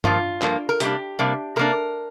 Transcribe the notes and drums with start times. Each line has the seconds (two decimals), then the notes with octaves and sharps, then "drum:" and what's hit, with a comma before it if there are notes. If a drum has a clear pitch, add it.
0.04 G2 F3 A#3 F4, drum: tom G2
0.42 G2 F3 A#3, drum: clap
0.69 A#4
0.80 C3 G3 A#3 D4 G4, drum: hi-hat
1.19 C3 G3 A#3 D4
1.56 C3 A#3 D4 A#4